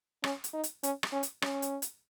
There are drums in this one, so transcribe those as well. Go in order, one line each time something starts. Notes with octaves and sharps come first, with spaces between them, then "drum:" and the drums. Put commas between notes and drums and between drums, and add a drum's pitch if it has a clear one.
C#4, drum: rim click
drum: hi-hat
D#4
drum: hi-hat
C#4, drum: hi-hat
drum: rim click
C#4
drum: hi-hat
C#4, drum: rim click
drum: hi-hat
drum: hi-hat